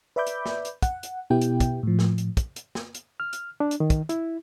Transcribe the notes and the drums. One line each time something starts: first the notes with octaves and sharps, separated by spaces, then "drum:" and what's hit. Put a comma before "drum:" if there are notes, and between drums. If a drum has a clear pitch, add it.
B4 D5 E5 B5 D6 G6
drum: hi-hat
drum: snare
drum: hi-hat
F#5, drum: kick, hi-hat
drum: hi-hat
B2 B3 E4 G4 G5
drum: hi-hat
drum: kick, hi-hat
A2 F3
drum: snare
drum: hi-hat
drum: kick, hi-hat
drum: hi-hat
drum: snare
drum: hi-hat
F6
drum: hi-hat
D4
drum: hi-hat
D#3
drum: kick, hi-hat
E4, drum: hi-hat